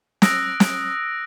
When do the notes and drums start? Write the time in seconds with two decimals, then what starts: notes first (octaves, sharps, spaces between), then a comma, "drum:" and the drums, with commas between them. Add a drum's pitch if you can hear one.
0.22 D#6 E6 F#6 A#6 D7, drum: snare
0.60 drum: snare